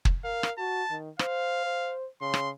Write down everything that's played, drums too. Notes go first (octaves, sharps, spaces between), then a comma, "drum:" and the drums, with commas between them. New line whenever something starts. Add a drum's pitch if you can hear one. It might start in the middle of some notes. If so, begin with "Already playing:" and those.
drum: kick
A#4 F5
drum: rim click
F#4 A5
D#3
C5 F5, drum: rim click
C5
C#3 C6
drum: rim click